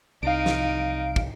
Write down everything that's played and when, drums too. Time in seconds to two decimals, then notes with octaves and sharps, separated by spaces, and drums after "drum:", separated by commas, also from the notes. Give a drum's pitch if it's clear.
0.23 C2 D#4 F5 D7
0.46 drum: snare
1.16 drum: kick